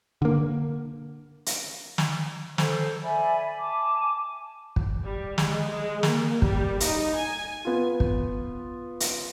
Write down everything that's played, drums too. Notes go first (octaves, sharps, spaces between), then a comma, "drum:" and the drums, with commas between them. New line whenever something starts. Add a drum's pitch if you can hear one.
D3 A#3
drum: hi-hat
drum: snare
A4 C5, drum: snare
D5 E5 G#5 B5
G#5 A5 D6
drum: kick
G3
G#3, drum: snare
G#3
A#3, drum: snare
G3, drum: kick
D#4, drum: hi-hat
G#5
B3 F4
drum: kick
drum: hi-hat